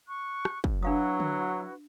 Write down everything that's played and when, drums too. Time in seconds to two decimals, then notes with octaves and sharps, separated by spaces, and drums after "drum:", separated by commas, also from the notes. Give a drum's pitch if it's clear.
0.07 C#6 F#6
0.45 drum: rim click
0.64 drum: kick
0.83 F#3 D4 E4 F#4 B4 F5 D#6
1.20 drum: tom D3